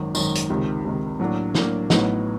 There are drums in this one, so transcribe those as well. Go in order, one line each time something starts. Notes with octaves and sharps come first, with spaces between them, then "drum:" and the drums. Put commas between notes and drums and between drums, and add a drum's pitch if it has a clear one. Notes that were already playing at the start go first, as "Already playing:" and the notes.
Already playing: G#1 F#2 D#3
G#1 F#2 D#3, drum: tambourine
drum: hi-hat
C#2 C3 D#3
C#2 C3 D#3
A2 F#3 A#3 D4
A2 F#3 A#3 D4, drum: snare
A1 A2 F#3 B3 D#4, drum: snare